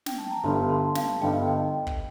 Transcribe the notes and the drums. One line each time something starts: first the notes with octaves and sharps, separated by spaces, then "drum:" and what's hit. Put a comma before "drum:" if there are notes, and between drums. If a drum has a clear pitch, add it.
G5, drum: snare
A5
A#5
G1 G2 D3 G3 A5 C6
A5 C6
F5 A5, drum: snare
G1 G2 D3 G3 D#5 G5
D#5 G5
drum: kick